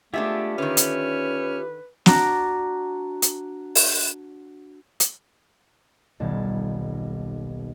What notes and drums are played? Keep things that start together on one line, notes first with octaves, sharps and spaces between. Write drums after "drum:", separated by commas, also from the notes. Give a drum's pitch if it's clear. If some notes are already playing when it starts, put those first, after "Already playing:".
G#3 A3 B3 D4 F4 G4 E5
D3 D#3 C#4 B4
drum: hi-hat
D4 F#4 D5 A#5, drum: snare
drum: hi-hat
drum: open hi-hat
drum: hi-hat
D#1 B1 A5